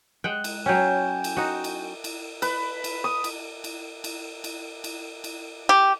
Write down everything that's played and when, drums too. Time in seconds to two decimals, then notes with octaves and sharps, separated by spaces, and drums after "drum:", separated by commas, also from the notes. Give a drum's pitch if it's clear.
0.24 G#3 F#5 G5 F#6
0.44 drum: cymbal
0.66 F#3 C#4 G5 G#5 G6
1.24 drum: cymbal
1.37 D#4 F#4
1.64 drum: cymbal
2.04 drum: cymbal
2.42 B4, drum: cymbal
2.84 drum: cymbal
3.04 D#6
3.24 drum: cymbal
3.64 drum: cymbal
4.04 drum: cymbal
4.44 drum: cymbal
4.84 drum: cymbal
5.24 drum: cymbal
5.69 G4